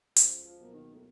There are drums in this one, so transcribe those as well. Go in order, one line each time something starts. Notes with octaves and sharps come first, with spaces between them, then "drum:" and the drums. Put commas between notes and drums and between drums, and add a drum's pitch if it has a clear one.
C#2 F3, drum: hi-hat
F3
B2 F#3 A#3
D#3
A2